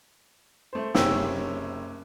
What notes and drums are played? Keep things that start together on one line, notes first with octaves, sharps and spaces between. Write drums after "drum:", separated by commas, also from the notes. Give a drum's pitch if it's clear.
A3 C5
F#1 C3 C#4 C#5 G5 E6, drum: snare